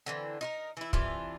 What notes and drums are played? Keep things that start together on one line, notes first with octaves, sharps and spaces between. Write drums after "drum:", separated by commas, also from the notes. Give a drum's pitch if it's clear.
D3 E3 A3 C4
D#4 F4 A#4
E3 E4
C3 E3 D4 F4, drum: kick